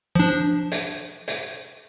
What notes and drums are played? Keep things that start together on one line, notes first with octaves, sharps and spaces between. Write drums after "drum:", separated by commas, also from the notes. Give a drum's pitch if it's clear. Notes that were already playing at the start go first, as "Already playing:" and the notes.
F3 D4
drum: hi-hat
drum: hi-hat